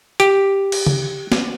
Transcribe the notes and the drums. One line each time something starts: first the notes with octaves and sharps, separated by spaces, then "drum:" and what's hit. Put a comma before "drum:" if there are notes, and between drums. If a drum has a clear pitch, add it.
G4, drum: hi-hat
drum: cymbal
drum: tom
drum: snare